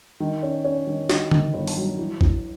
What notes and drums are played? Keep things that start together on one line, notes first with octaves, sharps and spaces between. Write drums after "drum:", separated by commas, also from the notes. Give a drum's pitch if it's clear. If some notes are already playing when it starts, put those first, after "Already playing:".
D#3
C#4
C#4
D#3
D#3, drum: snare
D#3, drum: tom D3
G1
drum: open hi-hat
F#3
E3
E3, drum: kick